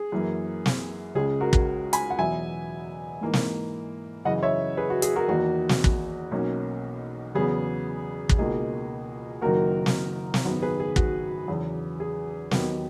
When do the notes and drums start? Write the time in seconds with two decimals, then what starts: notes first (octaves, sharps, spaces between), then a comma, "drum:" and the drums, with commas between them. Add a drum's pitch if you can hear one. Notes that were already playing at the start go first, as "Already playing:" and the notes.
Already playing: G#4
0.12 F#2 E3 A#3
0.66 drum: snare
1.15 C#2 C#3 G#3 C#4 G#4
1.41 F#4 A#4
1.53 drum: kick
1.93 G#5 B5, drum: hi-hat
2.10 F#5
2.18 E2 B2 F#3 B3 E5 G#5
3.21 G#2 E3 A#3 D#4
3.33 drum: snare
4.25 F#2 C#3 E3 D#5 F#5
4.43 C#5 E5
4.77 G#4 B4
4.90 F#4
5.02 G#4, drum: hi-hat
5.16 F#4 A#4
5.28 E2 D#3 A#3 D#4 F#4
5.69 drum: snare
5.84 drum: kick
6.31 B1 B2 A#3 C#4
7.35 E2 C#3 F#3 B3 G#4
8.29 drum: kick
8.39 C#2 B2 A#3 D#4 G#4
9.41 F#1 F#2 D#3 F#3 A#3 F#4 A#4
9.86 drum: snare
10.34 drum: snare
10.45 G#1 F#2 C#3 F#3 B3 F#4
10.62 G#4 B4
10.80 G#4
10.96 F#4, drum: kick
11.48 E2 C#3 F#3
12.00 G#4
12.51 D#2 D#3 F#3 B3, drum: snare